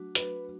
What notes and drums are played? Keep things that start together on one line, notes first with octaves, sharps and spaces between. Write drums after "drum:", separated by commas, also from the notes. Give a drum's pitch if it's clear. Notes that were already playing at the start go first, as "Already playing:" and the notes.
Already playing: F#3 A3 D4 F#4
B4, drum: hi-hat